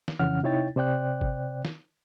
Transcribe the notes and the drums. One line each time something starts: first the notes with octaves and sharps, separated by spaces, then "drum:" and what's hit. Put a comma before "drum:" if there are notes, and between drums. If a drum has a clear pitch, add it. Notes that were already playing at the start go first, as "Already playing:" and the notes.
drum: snare
F2 C#3 E3 C#4 F#5 F6
C3 D#4 E4 C#5 G5 A6
C3 C5 D5 G5 F#6
drum: kick
drum: snare